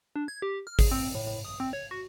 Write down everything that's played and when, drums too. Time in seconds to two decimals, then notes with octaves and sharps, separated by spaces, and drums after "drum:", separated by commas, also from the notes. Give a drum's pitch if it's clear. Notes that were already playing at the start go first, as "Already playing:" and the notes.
0.16 D4
0.28 G#6
0.42 G4
0.67 F6
0.79 G#4, drum: kick G#1, open hi-hat
0.91 C4
1.15 A2
1.27 A2
1.45 D#6
1.60 C4
1.73 C#5
1.91 F#4